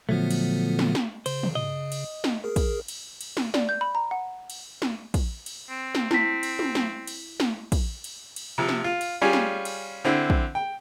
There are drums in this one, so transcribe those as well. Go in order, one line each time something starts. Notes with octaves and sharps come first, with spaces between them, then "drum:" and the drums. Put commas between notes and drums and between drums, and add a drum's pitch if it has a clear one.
A#2 D3 F3 F#3 A3 B3
drum: cymbal
drum: snare
drum: snare
C#3 C5, drum: cymbal
drum: tom
D#5
drum: cymbal
drum: snare
G#4 A#4
drum: kick, cymbal
drum: cymbal
drum: cymbal
drum: snare
D5, drum: snare
G6
B5
A#5
F#5
drum: cymbal
drum: snare
drum: kick, cymbal
drum: cymbal
C4
drum: snare
E4 B6, drum: snare
drum: cymbal
drum: tom
drum: snare
drum: cymbal
drum: snare
drum: kick, cymbal
drum: cymbal
drum: cymbal
C3 F3
drum: snare
F4
drum: cymbal
G3 C#4 F4 G#4
drum: snare
drum: cymbal
D3 C4 E4
drum: kick
G5